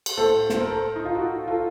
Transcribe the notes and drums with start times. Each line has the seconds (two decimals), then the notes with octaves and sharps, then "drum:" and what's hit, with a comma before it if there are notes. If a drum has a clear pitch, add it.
0.06 drum: cymbal
0.17 A2 A3 A4 C5
0.50 C5, drum: snare
0.60 A#4
0.71 A4 C5
0.96 D#4
1.05 F4
1.15 D#4 F#4
1.48 F4 A4